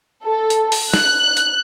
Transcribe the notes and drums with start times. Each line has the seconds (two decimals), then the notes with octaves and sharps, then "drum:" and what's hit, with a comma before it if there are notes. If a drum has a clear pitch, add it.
0.24 A4
0.50 drum: hi-hat
0.72 drum: open hi-hat
0.94 F#6, drum: snare
1.37 drum: hi-hat